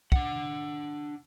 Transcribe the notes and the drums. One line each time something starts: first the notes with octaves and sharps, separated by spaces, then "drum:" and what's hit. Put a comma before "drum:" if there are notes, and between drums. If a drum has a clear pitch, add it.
D4 F#5, drum: kick